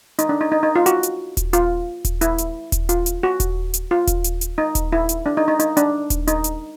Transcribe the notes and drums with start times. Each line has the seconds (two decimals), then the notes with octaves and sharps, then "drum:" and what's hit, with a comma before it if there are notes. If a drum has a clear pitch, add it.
0.19 D#4, drum: hi-hat
0.29 D4
0.41 D#4
0.52 D#4
0.63 D#4
0.76 F4
0.86 F#4, drum: hi-hat
1.03 drum: hi-hat
1.37 drum: kick D#1, hi-hat
1.53 F4, drum: hi-hat
2.05 drum: kick D#1, hi-hat
2.21 E4, drum: hi-hat
2.38 drum: hi-hat
2.72 drum: kick D#1, hi-hat
2.89 F4, drum: hi-hat
3.06 drum: hi-hat
3.23 F#4
3.40 drum: kick D#1, hi-hat
3.74 drum: hi-hat
3.91 F4
4.07 drum: kick D#1, hi-hat
4.24 drum: hi-hat
4.41 drum: hi-hat
4.58 D#4
4.75 drum: kick D#1, hi-hat
4.93 E4
5.09 drum: hi-hat
5.26 D4
5.37 D#4
5.48 D#4
5.60 D#4, drum: hi-hat
5.77 D4, drum: hi-hat
6.10 drum: kick D#1, hi-hat
6.27 D#4, drum: hi-hat
6.44 drum: hi-hat